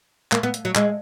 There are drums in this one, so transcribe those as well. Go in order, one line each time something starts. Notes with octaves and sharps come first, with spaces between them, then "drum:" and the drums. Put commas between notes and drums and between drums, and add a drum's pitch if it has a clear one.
A#3, drum: clap
B3
drum: hi-hat
F#3
G#3, drum: clap